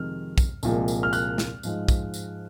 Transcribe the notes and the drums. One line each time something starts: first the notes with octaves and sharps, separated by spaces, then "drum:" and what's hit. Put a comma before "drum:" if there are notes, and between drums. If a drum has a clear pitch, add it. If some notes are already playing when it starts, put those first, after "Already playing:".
Already playing: F2 C3 D#3 G#3 F6
drum: kick, tambourine
C2 A#2 F3 G#3, drum: tambourine
drum: tambourine
F6
F#6, drum: tambourine
drum: snare
G#2 F3 G#3, drum: tambourine
drum: kick, tambourine
drum: tambourine